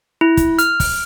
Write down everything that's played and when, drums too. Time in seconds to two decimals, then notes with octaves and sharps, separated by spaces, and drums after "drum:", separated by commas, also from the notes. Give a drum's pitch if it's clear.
0.21 E4
0.37 drum: kick, hi-hat
0.59 F6, drum: hi-hat
0.80 drum: kick, open hi-hat